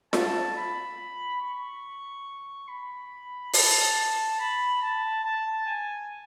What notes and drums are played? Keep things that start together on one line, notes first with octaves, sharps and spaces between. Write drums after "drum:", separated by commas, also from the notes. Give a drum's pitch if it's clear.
A5, drum: snare F4
B5
C#6
B5
A5, drum: open hi-hat
B5
A5
A5
G#5